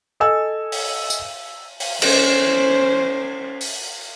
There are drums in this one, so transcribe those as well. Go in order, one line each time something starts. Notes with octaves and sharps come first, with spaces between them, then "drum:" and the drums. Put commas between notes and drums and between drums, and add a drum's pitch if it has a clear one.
A4 D#5 G#5 E6
drum: open hi-hat
drum: tambourine
drum: open hi-hat
C#4 C5, drum: cymbal
drum: open hi-hat